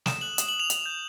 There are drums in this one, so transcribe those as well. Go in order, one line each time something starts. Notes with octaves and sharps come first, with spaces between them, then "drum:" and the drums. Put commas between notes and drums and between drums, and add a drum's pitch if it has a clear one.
D#6 E7, drum: snare
F#6 F#7
D#6, drum: hi-hat
F#7
F#6
F7
D#6, drum: hi-hat
G6